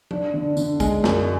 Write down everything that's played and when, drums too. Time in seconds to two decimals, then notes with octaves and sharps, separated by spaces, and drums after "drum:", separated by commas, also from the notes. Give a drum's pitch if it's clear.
0.11 D4, drum: tom F3
0.34 D3
0.57 D3, drum: tambourine
0.80 G#3, drum: kick A#1, tambourine
1.04 F#2, drum: snare